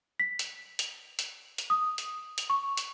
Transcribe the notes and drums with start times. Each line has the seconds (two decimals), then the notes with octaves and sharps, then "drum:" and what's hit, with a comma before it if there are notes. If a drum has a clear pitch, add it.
0.20 B6
0.39 drum: hi-hat
0.79 drum: hi-hat
1.19 drum: hi-hat
1.58 drum: hi-hat
1.70 D#6
1.98 drum: hi-hat
2.38 drum: hi-hat
2.50 C#6
2.77 drum: hi-hat